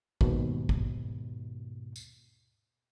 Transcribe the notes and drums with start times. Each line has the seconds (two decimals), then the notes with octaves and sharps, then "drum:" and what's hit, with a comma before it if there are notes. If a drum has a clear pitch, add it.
0.21 D#2 G#2 B2, drum: kick
0.69 drum: kick
1.96 drum: tambourine